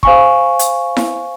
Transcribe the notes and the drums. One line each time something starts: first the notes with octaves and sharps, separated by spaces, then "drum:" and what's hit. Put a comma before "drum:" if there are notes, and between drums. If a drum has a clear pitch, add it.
C5 F5 G#5 C#6, drum: kick
drum: hi-hat
drum: snare E4